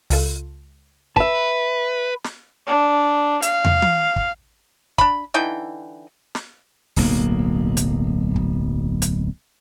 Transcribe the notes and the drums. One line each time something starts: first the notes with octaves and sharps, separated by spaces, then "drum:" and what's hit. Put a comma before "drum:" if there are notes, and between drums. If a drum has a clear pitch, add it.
C#2 F4 A4, drum: open hi-hat
B4 E5 A5, drum: kick
drum: snare
D4
F5, drum: hi-hat
drum: tom
drum: tom
drum: kick
D4 B5, drum: kick
D3 E3 D#4 G5
drum: snare
D1 B1 A#3, drum: open hi-hat
drum: hi-hat
drum: kick
drum: hi-hat